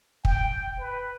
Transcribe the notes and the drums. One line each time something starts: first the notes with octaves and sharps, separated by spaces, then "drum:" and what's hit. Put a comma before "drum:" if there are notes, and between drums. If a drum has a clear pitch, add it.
G5, drum: kick
B4